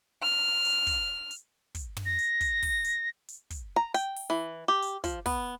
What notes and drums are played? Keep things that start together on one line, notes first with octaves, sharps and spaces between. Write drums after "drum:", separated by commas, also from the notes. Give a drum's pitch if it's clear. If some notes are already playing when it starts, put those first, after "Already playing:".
F6
drum: hi-hat
drum: kick, hi-hat
drum: hi-hat
drum: kick, hi-hat
drum: tom
A#6
drum: hi-hat
drum: kick, hi-hat
drum: kick, open hi-hat
drum: hi-hat
drum: hi-hat
drum: kick, hi-hat
A#5
G5, drum: hi-hat
drum: open hi-hat
E3
G4
drum: hi-hat
F3, drum: kick, hi-hat
B3, drum: kick, open hi-hat